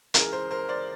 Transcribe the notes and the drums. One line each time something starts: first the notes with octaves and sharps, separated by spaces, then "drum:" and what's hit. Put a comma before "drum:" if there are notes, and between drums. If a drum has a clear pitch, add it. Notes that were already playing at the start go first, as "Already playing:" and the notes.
C#2 C#3 E3 G#4 A#4, drum: hi-hat
A#4 C5
A#4 C5
C5 D5